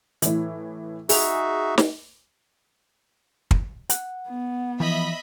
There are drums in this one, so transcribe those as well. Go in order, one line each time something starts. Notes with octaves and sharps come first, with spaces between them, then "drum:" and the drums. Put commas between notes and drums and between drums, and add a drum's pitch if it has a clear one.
A2 E3, drum: hi-hat
D#4 F#4 G#4 E5, drum: open hi-hat
drum: snare
drum: kick
F#5, drum: hi-hat
B3
E3 F3 D#5 E5 B5